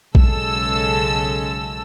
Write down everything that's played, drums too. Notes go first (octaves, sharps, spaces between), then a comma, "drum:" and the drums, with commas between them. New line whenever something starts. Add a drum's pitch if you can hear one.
B1 C#3 G#3 A4 E6, drum: kick A#1